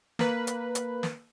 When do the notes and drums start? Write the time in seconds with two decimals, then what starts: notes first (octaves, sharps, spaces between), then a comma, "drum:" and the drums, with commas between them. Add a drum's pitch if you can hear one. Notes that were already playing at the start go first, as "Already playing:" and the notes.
0.19 A#3 B4, drum: snare
0.47 drum: hi-hat
0.75 drum: hi-hat
1.03 drum: snare